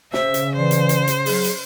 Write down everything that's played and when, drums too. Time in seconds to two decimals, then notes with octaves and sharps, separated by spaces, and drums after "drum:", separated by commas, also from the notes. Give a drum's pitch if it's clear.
0.13 C#3 C5 E5, drum: snare
0.34 drum: hi-hat
0.56 E3 C5 D5
0.71 drum: hi-hat
0.89 drum: hi-hat
1.07 drum: hi-hat
1.26 F#3 G#4, drum: open hi-hat
1.44 drum: hi-hat